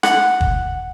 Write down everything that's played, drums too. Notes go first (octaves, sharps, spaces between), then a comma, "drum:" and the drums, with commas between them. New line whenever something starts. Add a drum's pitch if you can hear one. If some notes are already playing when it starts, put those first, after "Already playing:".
F#5, drum: rim click
drum: kick